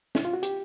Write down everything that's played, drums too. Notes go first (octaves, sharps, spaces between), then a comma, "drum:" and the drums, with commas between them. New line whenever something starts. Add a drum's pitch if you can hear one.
E4, drum: snare
F4
F#4
G4, drum: hi-hat